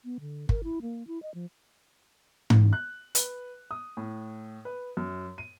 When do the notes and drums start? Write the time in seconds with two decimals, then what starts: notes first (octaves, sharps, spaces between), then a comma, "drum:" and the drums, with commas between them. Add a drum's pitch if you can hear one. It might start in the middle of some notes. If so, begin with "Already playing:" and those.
0.05 B3
0.21 D3
0.49 A#4, drum: kick
0.64 E4
0.82 A#3
1.07 E4
1.22 D#5
1.34 F3
2.50 drum: tom G#2
2.73 F#6
3.15 B4, drum: hi-hat
3.71 D#6
3.97 A2
4.65 B4
4.97 F#2
5.38 D#7